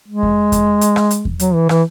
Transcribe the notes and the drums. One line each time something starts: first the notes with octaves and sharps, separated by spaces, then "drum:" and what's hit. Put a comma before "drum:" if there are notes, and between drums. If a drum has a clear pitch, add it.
G#3
drum: kick E2
drum: kick E2, hi-hat
drum: hi-hat
drum: rim click
drum: hi-hat
drum: kick E2
F#3, drum: hi-hat
E3
E3, drum: rim click